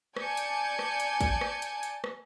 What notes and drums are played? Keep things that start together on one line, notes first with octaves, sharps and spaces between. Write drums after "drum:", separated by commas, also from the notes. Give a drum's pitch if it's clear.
D5 G#5 A5 G6 G#6 C#7, drum: rim click
drum: hi-hat
drum: rim click
drum: hi-hat
drum: kick, hi-hat
drum: rim click
drum: hi-hat
drum: hi-hat
drum: rim click